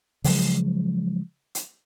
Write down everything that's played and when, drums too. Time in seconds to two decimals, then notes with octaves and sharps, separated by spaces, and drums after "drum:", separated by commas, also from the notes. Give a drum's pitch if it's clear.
0.24 C#3 F3 F#3 G#3, drum: open hi-hat
1.55 drum: hi-hat